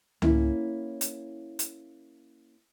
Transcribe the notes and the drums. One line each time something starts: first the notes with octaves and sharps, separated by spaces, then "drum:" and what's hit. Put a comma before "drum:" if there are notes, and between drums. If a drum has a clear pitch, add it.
A#3 C#4 E4, drum: tom C#2
drum: hi-hat
drum: hi-hat